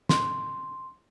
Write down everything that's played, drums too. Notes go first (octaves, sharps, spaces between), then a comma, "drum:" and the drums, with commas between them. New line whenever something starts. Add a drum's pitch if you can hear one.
C6, drum: snare